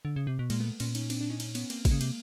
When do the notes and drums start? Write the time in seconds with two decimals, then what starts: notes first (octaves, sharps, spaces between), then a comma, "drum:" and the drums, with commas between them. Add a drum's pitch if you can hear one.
0.05 D3
0.16 C#3
0.27 C3
0.39 B2
0.50 A#2 G#3 A#3, drum: cymbal
0.60 A3 B3
0.80 A#2 B3 C#4, drum: cymbal
0.95 C#4 D#4, drum: cymbal
1.10 C4 D4, drum: cymbal
1.20 C4 D4
1.30 C#4 D#4
1.40 C#4 D#4, drum: cymbal
1.55 B3 C#4, drum: cymbal
1.70 A#3 C4, drum: cymbal
1.85 G#3 A#3, drum: kick, cymbal
1.91 C#3
2.01 C3, drum: cymbal